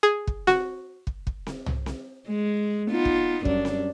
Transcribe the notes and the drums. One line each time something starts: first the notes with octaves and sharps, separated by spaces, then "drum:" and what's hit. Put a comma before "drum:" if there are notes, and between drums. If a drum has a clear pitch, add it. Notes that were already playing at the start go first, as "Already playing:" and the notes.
G#4
drum: kick
F#4, drum: snare C4
drum: kick
drum: kick
drum: snare C4
drum: tom C2
drum: snare C4
G#3
B3 D#4 F4
drum: kick
F#2 G3 D4, drum: kick
drum: snare C4